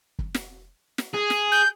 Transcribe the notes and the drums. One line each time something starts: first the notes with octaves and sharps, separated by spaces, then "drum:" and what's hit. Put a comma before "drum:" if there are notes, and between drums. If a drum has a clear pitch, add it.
drum: kick
drum: snare
drum: snare
G#4
drum: snare
G6